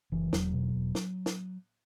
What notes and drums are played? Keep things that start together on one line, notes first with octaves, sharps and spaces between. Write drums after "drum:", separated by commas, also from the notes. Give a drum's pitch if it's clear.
F#1 E3
E1 F#3, drum: snare
B2
E1
drum: snare
drum: snare